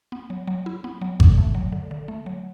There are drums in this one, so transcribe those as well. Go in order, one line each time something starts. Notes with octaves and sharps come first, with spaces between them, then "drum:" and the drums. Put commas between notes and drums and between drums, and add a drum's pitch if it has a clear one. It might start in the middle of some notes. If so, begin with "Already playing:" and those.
B3
F#3
F#3
E4
B3
F#3
D3, drum: kick G#1
A3
F#3
D3
D3
A3
F#3